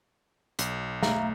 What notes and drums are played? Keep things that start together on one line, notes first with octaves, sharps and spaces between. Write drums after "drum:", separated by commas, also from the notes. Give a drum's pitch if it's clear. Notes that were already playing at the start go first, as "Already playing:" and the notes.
B1, drum: hi-hat
A3 E5 F5 A#5, drum: snare